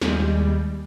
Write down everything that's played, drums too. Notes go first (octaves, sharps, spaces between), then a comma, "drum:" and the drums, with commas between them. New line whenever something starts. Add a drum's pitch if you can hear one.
D#2 G3 G#3, drum: snare